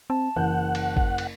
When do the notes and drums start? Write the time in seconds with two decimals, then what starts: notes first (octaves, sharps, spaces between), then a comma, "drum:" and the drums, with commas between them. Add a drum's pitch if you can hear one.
0.10 C4 A5
0.36 F#1 E3 F#5 G6
0.75 drum: cymbal
0.97 drum: kick G#1
1.18 drum: cymbal